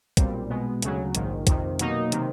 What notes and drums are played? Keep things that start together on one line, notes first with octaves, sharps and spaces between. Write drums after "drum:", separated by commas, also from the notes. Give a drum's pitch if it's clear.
B1 A#2 G3 C4, drum: kick, hi-hat
B2 G#3 B3
D2 C#3 F#3, drum: hi-hat
A#1 G#2 D#3, drum: hi-hat
F2 C3 D#3, drum: kick, hi-hat
B2 F#3 A#3 D#4, drum: hi-hat
C3 D#3, drum: hi-hat